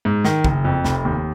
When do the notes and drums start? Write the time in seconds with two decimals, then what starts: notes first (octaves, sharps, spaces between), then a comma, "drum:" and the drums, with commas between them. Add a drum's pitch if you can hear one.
0.05 G#2
0.25 D#3, drum: snare
0.44 F#1, drum: kick
0.64 F2
0.85 F1, drum: snare
1.05 D#2